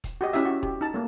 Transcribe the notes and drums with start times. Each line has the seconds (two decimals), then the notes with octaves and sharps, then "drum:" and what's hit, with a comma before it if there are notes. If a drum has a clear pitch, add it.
0.04 drum: kick, hi-hat
0.21 F#4 G4 D#5
0.33 C#4 E4 G4 E5, drum: hi-hat
0.45 F#4
0.63 G4, drum: kick
0.81 D#4 A5
0.94 A3 A#3